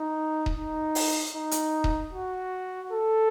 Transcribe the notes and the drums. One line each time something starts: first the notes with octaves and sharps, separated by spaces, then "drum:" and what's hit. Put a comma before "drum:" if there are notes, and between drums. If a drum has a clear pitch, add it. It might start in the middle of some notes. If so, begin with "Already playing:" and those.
Already playing: D#4
drum: kick D#1
D#4
drum: open hi-hat
D#4
drum: hi-hat
drum: kick D#1
F#4
A4